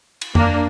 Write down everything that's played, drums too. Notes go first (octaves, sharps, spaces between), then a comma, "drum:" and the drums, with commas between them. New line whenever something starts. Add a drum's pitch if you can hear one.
drum: cymbal
A#3 D4, drum: tom F2